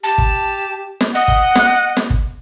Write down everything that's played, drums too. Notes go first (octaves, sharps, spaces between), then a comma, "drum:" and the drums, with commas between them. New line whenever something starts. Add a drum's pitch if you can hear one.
G4 A5
drum: kick
drum: snare
D#5 F#5
drum: kick
drum: snare
drum: snare
drum: kick